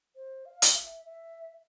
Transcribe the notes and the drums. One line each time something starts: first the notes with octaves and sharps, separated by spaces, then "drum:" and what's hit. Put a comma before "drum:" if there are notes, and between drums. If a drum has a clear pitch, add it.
C5
F5
drum: hi-hat
E5
E5